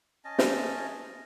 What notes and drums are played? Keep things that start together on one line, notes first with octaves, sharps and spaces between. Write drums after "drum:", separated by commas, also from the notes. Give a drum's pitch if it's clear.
C#4 D#5 A5
drum: snare